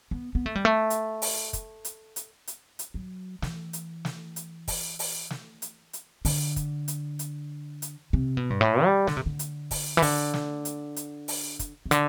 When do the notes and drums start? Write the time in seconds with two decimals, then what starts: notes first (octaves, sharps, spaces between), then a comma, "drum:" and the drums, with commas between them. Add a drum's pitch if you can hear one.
0.11 B3
0.35 B3
0.46 A3
0.55 G3
0.65 A3
0.90 drum: hi-hat
1.22 drum: open hi-hat
1.53 drum: kick, hi-hat
1.85 drum: hi-hat
2.16 drum: hi-hat
2.47 drum: hi-hat
2.79 drum: hi-hat
2.94 F#3
3.42 E3, drum: snare
3.73 drum: hi-hat
4.05 drum: snare
4.36 drum: hi-hat
4.68 drum: kick, open hi-hat
4.99 drum: open hi-hat
5.30 drum: snare
5.62 drum: hi-hat
5.93 drum: hi-hat
6.25 D3, drum: open hi-hat
6.56 drum: kick, hi-hat
6.88 drum: hi-hat
7.19 drum: hi-hat
7.82 drum: hi-hat
8.13 C3
8.37 B2
8.50 G2
8.61 A2
8.84 G3
9.07 D3, drum: snare
9.17 C3
9.26 D3
9.39 drum: hi-hat
9.71 drum: kick, open hi-hat
9.97 E3
10.02 D3, drum: open hi-hat
10.34 drum: snare
10.65 drum: hi-hat
10.96 drum: hi-hat
11.28 drum: open hi-hat
11.59 drum: kick, hi-hat
11.86 C3
11.91 D3, drum: hi-hat